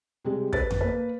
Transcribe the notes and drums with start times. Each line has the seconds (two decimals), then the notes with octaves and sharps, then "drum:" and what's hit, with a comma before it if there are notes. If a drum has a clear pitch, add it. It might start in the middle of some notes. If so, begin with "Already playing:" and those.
0.25 C3 G3 G#3
0.53 B4 A6, drum: kick
0.71 drum: tom F2
0.81 A#3 B4